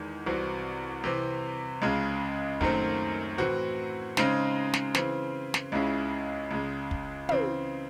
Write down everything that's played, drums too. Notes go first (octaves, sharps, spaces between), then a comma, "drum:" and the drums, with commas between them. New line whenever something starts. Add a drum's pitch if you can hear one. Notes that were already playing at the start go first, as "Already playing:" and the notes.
Already playing: E2 D#3 G#3
C2 C3 E3 C4 F#4
C3 E3 C4
C#2 C#3 G#3
F#2 D#3 F#3 A3 C4, drum: kick
A2 E3 C4 F#4
C#3 G#3 C4 D#4, drum: snare
drum: snare
C#3 E3 C4, drum: snare
drum: snare
C#2 C#3 G#3 C#4 E4
C#2 C#3 G#3
drum: kick
C#3 E3 C4, drum: tom